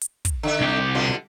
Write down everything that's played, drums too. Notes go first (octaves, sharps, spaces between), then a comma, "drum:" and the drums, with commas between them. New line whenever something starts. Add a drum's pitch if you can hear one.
drum: hi-hat
drum: kick, hi-hat
D3 E5
C2 G4
B2 D3 F4